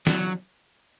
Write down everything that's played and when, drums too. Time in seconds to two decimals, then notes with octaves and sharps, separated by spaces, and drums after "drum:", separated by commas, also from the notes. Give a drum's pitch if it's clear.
0.07 F#3, drum: snare